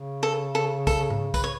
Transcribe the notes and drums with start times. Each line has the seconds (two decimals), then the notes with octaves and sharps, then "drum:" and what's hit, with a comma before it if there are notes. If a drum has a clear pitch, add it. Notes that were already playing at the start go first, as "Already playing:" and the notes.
Already playing: C#3
0.23 A4
0.55 A4
0.87 A4, drum: kick, tambourine
1.10 drum: tom G#2
1.34 B4, drum: kick, tambourine
1.44 C#5